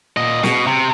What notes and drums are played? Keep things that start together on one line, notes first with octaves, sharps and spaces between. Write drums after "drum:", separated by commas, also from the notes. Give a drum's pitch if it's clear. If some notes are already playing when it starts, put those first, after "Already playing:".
A#2 D#5
B2, drum: snare
C3